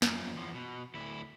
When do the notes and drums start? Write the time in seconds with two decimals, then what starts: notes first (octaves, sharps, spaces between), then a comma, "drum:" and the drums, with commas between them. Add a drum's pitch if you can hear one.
0.02 F#2 F3, drum: snare
0.35 E2 F3
0.55 B2
0.94 D2 E4